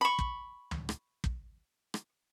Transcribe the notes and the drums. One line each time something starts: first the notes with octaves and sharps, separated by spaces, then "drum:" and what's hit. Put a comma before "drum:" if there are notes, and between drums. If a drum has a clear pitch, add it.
B5 C#6
drum: kick
drum: tom
drum: rim click
drum: kick
drum: rim click